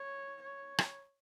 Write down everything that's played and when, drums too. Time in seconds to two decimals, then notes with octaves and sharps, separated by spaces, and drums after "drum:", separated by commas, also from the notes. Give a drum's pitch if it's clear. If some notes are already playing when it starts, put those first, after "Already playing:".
Already playing: C#5
0.42 C#5
0.78 drum: rim click